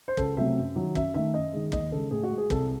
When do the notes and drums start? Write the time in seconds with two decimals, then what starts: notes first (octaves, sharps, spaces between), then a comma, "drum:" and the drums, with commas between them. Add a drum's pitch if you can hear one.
0.08 C5
0.17 C#2 A4, drum: kick
0.37 C3 F#3 A3 E5
0.57 F#2
0.76 D#3 F#3
0.95 F#2 E5, drum: kick
1.14 D#3 A3 E5
1.34 F#2 D#5
1.53 D#3 G#3
1.72 D#2 D#5, drum: kick
1.92 C#3 G#3 A4
2.11 A2 G#4
2.23 F#4
2.30 G#3
2.38 G#4
2.50 C2 A4, drum: kick